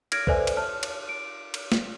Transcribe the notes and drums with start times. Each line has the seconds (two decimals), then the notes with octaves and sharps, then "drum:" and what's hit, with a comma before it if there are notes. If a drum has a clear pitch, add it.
0.12 F6 G#6 A#6 D7, drum: cymbal
0.27 A4 B4 C5 D5 E5 G#5, drum: kick B1
0.47 drum: cymbal
0.57 C#5 A5 F6
0.83 drum: cymbal
1.09 D7
1.54 drum: cymbal
1.72 drum: snare